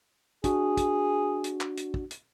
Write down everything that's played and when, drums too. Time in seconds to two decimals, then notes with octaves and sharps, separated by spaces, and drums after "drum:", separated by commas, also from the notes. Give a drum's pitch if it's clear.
0.44 D4 F#4 G#4, drum: kick, hi-hat
0.77 drum: kick, hi-hat
1.44 drum: hi-hat
1.61 drum: clap
1.77 drum: hi-hat
1.94 drum: kick
2.11 drum: hi-hat